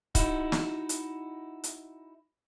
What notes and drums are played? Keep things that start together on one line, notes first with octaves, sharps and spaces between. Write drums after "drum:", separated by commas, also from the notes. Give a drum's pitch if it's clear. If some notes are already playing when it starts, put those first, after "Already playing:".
D#4 E4 F#4, drum: kick, hi-hat
drum: snare
drum: hi-hat
drum: hi-hat